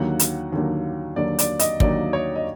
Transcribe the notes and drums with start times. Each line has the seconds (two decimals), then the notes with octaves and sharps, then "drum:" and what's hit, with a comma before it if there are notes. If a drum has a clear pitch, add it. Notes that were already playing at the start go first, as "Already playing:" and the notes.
Already playing: D#2 D3 F#3 A#3 F#5
0.19 drum: hi-hat
0.52 D#2 D3 F#3 A#3
1.16 D#2 D3 F#3 A#3 D5
1.39 D5, drum: hi-hat
1.59 D#5, drum: hi-hat
1.80 D#2 D3 F#3 A#3 D5, drum: kick
2.13 C#5
2.36 D#5